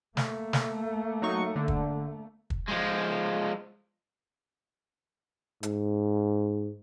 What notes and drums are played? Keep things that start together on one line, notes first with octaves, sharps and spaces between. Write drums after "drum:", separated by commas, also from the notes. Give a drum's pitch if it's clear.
A3 A#3, drum: snare
drum: snare
F#3 D#4 C#6
D3
drum: kick
drum: kick
F3 G#3
G#2, drum: hi-hat